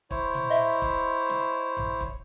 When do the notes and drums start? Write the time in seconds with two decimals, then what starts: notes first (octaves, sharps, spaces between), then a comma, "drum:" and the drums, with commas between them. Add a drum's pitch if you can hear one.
0.11 E4 C5 C#5, drum: kick
0.34 drum: tom
0.50 D#5 E5
0.82 drum: kick
1.29 drum: snare
1.77 drum: tom A1
2.00 drum: kick